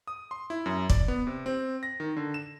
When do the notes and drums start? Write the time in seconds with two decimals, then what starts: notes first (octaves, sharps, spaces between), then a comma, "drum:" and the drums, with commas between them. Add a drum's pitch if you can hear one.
0.08 D#6
0.31 C6
0.50 E4
0.66 F#2
0.90 D5, drum: kick
1.08 B3
1.27 C3
1.46 C4
1.83 A#6
2.00 D#3
2.16 D3
2.34 E7